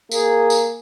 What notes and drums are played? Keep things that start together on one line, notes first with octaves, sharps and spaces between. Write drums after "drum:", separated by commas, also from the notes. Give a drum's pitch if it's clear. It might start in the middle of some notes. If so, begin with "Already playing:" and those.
A#3 G#4, drum: tambourine
drum: tambourine